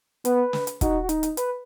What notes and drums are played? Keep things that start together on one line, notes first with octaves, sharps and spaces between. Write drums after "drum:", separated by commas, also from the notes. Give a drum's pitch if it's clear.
B3 B4, drum: hi-hat
drum: snare
drum: hi-hat
D#4 F#4, drum: kick, hi-hat
F#4
D#4, drum: hi-hat
drum: hi-hat
B4, drum: hi-hat